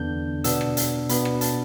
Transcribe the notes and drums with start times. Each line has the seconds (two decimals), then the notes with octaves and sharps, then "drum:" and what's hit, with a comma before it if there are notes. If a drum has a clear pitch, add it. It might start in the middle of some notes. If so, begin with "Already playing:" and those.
Already playing: E2 D3 B3 D4 G6
0.44 B2 B3 D4 E6, drum: hi-hat
0.61 drum: rim click
0.77 drum: hi-hat
1.09 B2 B3 D4 B5, drum: hi-hat
1.25 drum: rim click
1.41 A5, drum: hi-hat